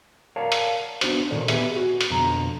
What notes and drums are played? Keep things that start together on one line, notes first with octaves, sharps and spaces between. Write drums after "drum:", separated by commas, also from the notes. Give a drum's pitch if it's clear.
A#4 C#5 D5 F5 F#5 A5
drum: hi-hat
B3 D4 F#4 C5, drum: hi-hat
A#2 D3 D#3 A4 D5
B3 G4 G#4 B4 D5 E5, drum: hi-hat
F#4
drum: hi-hat
F2 B2 D3 A#5